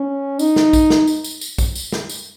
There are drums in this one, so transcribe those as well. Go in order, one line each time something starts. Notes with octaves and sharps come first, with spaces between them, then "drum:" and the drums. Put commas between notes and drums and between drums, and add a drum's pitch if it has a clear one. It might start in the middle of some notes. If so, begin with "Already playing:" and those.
Already playing: C#4
D#4, drum: tambourine
drum: snare
drum: kick, tambourine
drum: snare
drum: tambourine
drum: tambourine
drum: tambourine
drum: kick, tambourine
drum: tambourine
drum: snare
drum: tambourine